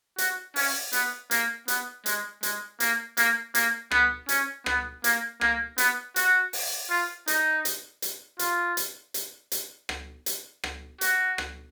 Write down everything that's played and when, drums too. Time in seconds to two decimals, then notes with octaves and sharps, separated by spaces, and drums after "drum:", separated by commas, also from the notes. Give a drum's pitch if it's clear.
0.18 F#4, drum: hi-hat
0.56 C#4, drum: open hi-hat
0.93 B3, drum: hi-hat
1.31 A#3, drum: hi-hat
1.68 B3, drum: hi-hat
2.06 G#3, drum: hi-hat
2.43 G#3, drum: hi-hat
2.80 A#3, drum: hi-hat
3.17 A#3, drum: hi-hat
3.55 A#3, drum: hi-hat
3.91 B3, drum: rim click
4.29 C#4, drum: hi-hat
4.66 B3, drum: rim click
5.04 A#3, drum: hi-hat
5.41 A#3, drum: rim click
5.78 B3, drum: hi-hat
6.16 F#4, drum: hi-hat
6.53 drum: open hi-hat
6.90 F4
7.28 D#4, drum: hi-hat
7.65 drum: hi-hat
8.02 drum: hi-hat
8.39 F4, drum: hi-hat
8.77 drum: hi-hat
9.14 drum: hi-hat
9.52 drum: hi-hat
9.89 drum: rim click
10.26 drum: hi-hat
10.64 drum: rim click
11.01 F#4, drum: hi-hat
11.38 drum: rim click